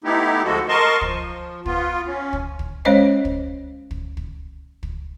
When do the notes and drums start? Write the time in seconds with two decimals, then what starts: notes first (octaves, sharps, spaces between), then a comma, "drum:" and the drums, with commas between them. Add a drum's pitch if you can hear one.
0.04 A3 B3 D#4 E4 G4
0.44 D2 F3 G#3 F#4 A4
0.68 A#4 D#5 A5 C6 C#6
1.01 F3, drum: kick
1.66 B3 F4, drum: kick
2.07 C#4
2.33 drum: kick
2.59 drum: kick
2.85 G#3 C#4 C5 C#5 D#5
3.25 drum: kick
3.91 drum: kick
4.17 drum: kick
4.83 drum: kick